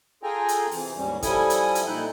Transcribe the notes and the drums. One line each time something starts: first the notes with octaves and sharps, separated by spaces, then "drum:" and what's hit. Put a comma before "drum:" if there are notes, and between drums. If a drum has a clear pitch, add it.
F4 G#4 A4 G5 G#5 A#5
drum: hi-hat
C3 E3, drum: open hi-hat
D#2 G#2 G3 C#4
F3 G3 E4 A4 G#5 D#6, drum: kick, hi-hat
drum: hi-hat
drum: hi-hat
A#2 D#4 E4 A4 F#6 G6